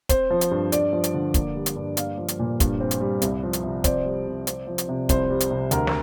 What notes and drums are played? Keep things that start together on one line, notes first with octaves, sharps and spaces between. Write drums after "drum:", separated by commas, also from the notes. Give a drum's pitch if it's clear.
C4 C5, drum: kick, hi-hat
F3
drum: hi-hat
G2
G2 D5, drum: hi-hat
F3
drum: hi-hat
D3
A#3, drum: kick, hi-hat
G3
drum: hi-hat
G2
A#3 F5, drum: hi-hat
F3
drum: hi-hat
A#2
G2, drum: kick, hi-hat
C4
drum: hi-hat
G3
C2, drum: hi-hat
F3
drum: hi-hat
C3
C4 D5, drum: kick, hi-hat
G3
C3
C4, drum: hi-hat
F3
drum: hi-hat
C3
C2 C5, drum: kick, hi-hat
G3
drum: hi-hat
C3
D2 A#4, drum: hi-hat
drum: snare